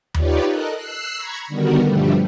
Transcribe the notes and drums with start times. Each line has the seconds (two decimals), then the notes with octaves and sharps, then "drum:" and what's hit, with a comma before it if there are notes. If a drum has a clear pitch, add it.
0.14 D#4 F4 G4 B4 C#5 D5, drum: tom D#2
0.47 A4 A#4 D#5 F#6
0.76 E6 F#6 C7
1.15 A#5 B5 C#6 G#6
1.47 D3 D#3 G3 B3 F#4 A#4
1.84 G2 B2 D3 F3 G3 A3